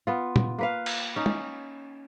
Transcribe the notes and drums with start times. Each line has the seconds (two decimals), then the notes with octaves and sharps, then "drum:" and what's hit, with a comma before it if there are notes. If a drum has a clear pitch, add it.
0.07 B3 F4
0.36 drum: tom
0.58 A#3 B4 F5
0.86 drum: cymbal
1.16 C#4 D#4
1.26 drum: tom